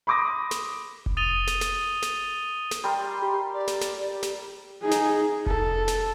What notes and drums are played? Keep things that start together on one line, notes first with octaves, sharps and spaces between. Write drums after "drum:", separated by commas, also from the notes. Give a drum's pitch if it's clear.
B5 C6 D6 D#6 A#6
drum: snare
drum: kick F1
D#6 A6 D#7 F7 G7
drum: snare
drum: snare
drum: snare
drum: snare
G3 A#4 C6
G4
D5
drum: snare
drum: snare
drum: snare
D#4 G#4
drum: snare
A4, drum: kick F1
drum: snare